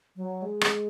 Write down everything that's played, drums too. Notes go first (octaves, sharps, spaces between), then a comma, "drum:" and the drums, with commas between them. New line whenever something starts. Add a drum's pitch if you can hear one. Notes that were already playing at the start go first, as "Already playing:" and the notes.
F#3
G#3
drum: rim click